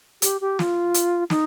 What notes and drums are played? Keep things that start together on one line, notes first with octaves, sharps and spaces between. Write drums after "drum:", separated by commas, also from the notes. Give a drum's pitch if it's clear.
G4, drum: hi-hat
G4
F4, drum: snare
drum: hi-hat
D#4, drum: snare